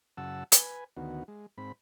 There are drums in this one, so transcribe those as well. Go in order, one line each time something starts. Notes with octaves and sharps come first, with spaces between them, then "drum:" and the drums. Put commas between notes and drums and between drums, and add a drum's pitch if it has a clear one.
F#2 C#3 F#5 A5 E6
B4 G#5, drum: hi-hat
D2 D#3 B3 F#4
G#3
G#2 C4 B5